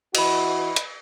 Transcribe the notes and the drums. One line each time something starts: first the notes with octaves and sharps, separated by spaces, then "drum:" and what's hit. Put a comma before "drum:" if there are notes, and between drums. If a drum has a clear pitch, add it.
E3 E4 F#4 D#5 B5, drum: cymbal
drum: hi-hat